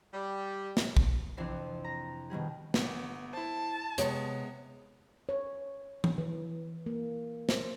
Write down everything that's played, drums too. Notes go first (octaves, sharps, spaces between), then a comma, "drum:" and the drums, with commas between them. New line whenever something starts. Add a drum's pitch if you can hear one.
G3
drum: snare
drum: kick A#1
F2 C3 E3 C4 D4 C7
A#5
B2 D#3 G3 G#4
G1 B3, drum: snare
E4 C5 A5
C3 G#3 B3 C#5, drum: hi-hat
C#5
drum: tom E3
E3
A#3
C5, drum: snare